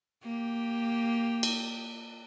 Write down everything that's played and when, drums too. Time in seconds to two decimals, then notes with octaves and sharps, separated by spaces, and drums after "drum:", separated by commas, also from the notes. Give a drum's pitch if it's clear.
0.23 A#3 G4
1.43 drum: cymbal